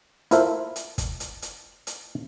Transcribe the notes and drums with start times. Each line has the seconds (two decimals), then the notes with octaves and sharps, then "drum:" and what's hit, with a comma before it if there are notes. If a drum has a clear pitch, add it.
0.31 E4 F4 A4 A#4 C5 E5, drum: hi-hat
0.76 drum: hi-hat
0.98 drum: kick, hi-hat
1.20 drum: hi-hat
1.42 drum: hi-hat
1.87 drum: hi-hat